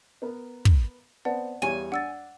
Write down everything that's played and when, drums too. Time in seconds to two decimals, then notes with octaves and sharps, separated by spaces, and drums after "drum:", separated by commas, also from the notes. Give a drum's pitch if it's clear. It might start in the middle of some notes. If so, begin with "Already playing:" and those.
0.22 B3 A#4 B4
0.65 drum: kick
1.25 B3 C4 D5 F#5 A5
1.62 E2 G3 C#5 G#5
1.92 D4 F#5 E6 A6